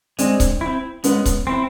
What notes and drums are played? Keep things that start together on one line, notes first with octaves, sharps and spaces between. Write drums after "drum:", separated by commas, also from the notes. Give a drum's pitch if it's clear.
G#3 C4 D4, drum: hi-hat
drum: kick C#1, hi-hat
C4 E4
G#3 B3 C#4, drum: hi-hat
drum: kick C#1, hi-hat
C4 E4